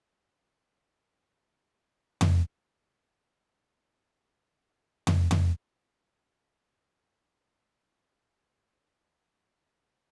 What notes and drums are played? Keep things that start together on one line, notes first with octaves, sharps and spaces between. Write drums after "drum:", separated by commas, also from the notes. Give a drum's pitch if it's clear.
D6 F#6 G6 A#6 C7 D#7
drum: tom F2
D5
C3 E4 G#4 E5 G6 B6
drum: tom F2
drum: tom F2
A4
D#5
C#5